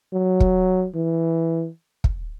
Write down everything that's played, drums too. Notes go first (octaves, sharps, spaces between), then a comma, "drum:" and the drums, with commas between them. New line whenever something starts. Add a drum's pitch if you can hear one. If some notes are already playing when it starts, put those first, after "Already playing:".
F#3
drum: kick
E3
drum: kick